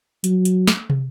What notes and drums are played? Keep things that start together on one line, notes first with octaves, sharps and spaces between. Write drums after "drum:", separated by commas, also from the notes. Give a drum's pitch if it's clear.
F#3, drum: hi-hat
drum: hi-hat
drum: snare
drum: tom